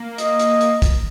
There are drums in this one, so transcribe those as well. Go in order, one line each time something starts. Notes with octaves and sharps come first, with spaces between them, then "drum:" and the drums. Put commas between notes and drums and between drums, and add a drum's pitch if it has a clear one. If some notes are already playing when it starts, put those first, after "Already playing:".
Already playing: A#3
D#5, drum: hi-hat
drum: hi-hat
drum: hi-hat
drum: kick, hi-hat